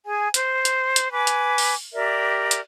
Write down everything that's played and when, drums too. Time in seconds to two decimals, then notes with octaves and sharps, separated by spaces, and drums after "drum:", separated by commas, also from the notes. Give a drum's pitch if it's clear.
0.07 G#4 G#5
0.34 C5, drum: hi-hat
0.65 drum: hi-hat
0.96 drum: hi-hat
1.12 B4 G#5 D6
1.27 drum: hi-hat
1.58 drum: open hi-hat
1.94 G4 A#4 D5 E5
2.51 drum: hi-hat